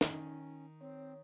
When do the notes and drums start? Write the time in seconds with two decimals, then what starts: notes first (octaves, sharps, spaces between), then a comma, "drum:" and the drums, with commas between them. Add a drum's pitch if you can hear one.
0.01 D#3 C#4 D#4, drum: snare
0.81 C4 C#5